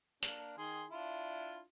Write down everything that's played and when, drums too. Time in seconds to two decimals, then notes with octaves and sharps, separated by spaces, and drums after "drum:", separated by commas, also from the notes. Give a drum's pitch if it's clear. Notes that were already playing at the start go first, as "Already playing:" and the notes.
0.23 A#3 D4, drum: tambourine
0.58 D#3 G#4 C6
0.90 D4 E4 F4